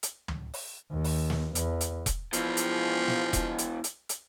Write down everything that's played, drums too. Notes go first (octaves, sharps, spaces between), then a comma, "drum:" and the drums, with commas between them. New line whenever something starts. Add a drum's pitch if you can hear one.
drum: hi-hat
drum: tom
drum: open hi-hat
D#2
drum: open hi-hat
drum: snare
E2, drum: hi-hat
drum: hi-hat
drum: kick E1, hi-hat
B2 E3 F3, drum: hi-hat
drum: hi-hat
drum: snare
drum: kick E1, hi-hat
drum: hi-hat
drum: hi-hat
drum: hi-hat